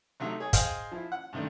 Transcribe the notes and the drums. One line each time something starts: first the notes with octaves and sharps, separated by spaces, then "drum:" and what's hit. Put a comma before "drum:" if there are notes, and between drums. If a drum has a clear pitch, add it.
C3 F#3 A3 D#4 E5
G#4 C#5
G#4 C5 D#5 F5 G5 C6, drum: kick, hi-hat
F3 E4
F#5
G2 C3 D#3 A3 D4